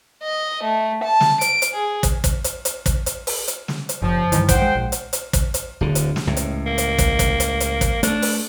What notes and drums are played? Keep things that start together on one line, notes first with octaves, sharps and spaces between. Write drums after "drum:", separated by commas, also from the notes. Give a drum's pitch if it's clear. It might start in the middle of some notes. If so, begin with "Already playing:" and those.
D#5
A3
A5
drum: snare
D7, drum: hi-hat
drum: hi-hat
G#4
drum: kick, hi-hat
drum: kick, hi-hat
drum: hi-hat
drum: hi-hat
drum: kick, hi-hat
drum: hi-hat
drum: open hi-hat
drum: hi-hat
drum: snare
drum: hi-hat
F#1 F3
G2 D#3 E3, drum: hi-hat
C5 F#5 G5, drum: kick, hi-hat
G#3
A#1
drum: hi-hat
drum: hi-hat
drum: kick, hi-hat
drum: hi-hat
D1 D3
drum: hi-hat
drum: snare
C#2 A2
drum: hi-hat
A#3
drum: hi-hat
drum: kick, hi-hat
drum: kick, hi-hat
drum: hi-hat
drum: hi-hat
drum: kick, hi-hat
A3 D4, drum: hi-hat
drum: open hi-hat